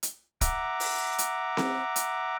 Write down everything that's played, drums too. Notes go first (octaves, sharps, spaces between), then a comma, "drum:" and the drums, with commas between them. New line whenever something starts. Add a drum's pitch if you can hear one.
drum: hi-hat
E5 F#5 A#5 D6, drum: kick, hi-hat
drum: open hi-hat
drum: hi-hat
drum: snare C4
drum: hi-hat